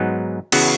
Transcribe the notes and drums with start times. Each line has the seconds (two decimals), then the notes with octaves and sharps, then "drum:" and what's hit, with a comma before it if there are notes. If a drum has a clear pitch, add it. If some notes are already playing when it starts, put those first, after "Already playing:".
Already playing: G#2 F#3 B3 D#4
0.52 C#3 E3 B3 F#4, drum: cymbal